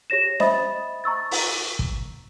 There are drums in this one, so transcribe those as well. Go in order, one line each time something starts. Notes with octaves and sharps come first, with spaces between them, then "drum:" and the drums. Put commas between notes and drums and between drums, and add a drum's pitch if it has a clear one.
G4 C#5 A#6 E7
C5 D#5 E5 B5 D#6 A6, drum: snare C#4
A#5 C#6 E6 A6
drum: open hi-hat
drum: kick